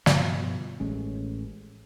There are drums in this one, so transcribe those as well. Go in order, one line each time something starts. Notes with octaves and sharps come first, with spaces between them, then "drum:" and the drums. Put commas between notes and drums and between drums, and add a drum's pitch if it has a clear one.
G2 B2 F3, drum: snare
A1 G#3 C#4